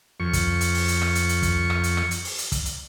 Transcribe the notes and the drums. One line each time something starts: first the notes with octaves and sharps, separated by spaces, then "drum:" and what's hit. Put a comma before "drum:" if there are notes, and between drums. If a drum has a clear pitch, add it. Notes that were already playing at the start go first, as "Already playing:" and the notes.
F2 C#6
drum: kick, hi-hat
drum: hi-hat
drum: open hi-hat
drum: hi-hat
drum: rim click
drum: hi-hat
drum: hi-hat
drum: kick, hi-hat
drum: rim click
drum: hi-hat
drum: rim click
drum: hi-hat
drum: open hi-hat
drum: hi-hat
drum: kick, hi-hat
drum: hi-hat